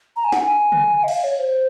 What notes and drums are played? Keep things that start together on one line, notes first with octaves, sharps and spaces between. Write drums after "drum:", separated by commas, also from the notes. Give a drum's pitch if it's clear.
A#5
G#5
F#5, drum: snare
G#5
drum: tom C#3
D#5
F5, drum: cymbal
C#5
C5